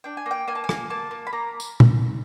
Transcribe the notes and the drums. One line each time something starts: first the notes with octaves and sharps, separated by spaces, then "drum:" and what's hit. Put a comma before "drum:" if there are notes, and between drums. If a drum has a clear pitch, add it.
D4 G5
G#5
A#3
G5
A#3 G#5
A5
G#5
A#3, drum: rim click
A#3 A5
A#3
B5
A#3 A#5
drum: tambourine
drum: tom A#2